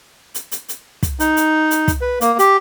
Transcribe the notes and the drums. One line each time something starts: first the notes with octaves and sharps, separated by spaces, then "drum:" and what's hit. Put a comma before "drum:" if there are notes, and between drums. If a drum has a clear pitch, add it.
drum: hi-hat
drum: hi-hat
drum: hi-hat
drum: kick, hi-hat
D#4, drum: hi-hat
drum: hi-hat
drum: hi-hat
drum: kick, hi-hat
B4
A#3, drum: hi-hat
G4, drum: hi-hat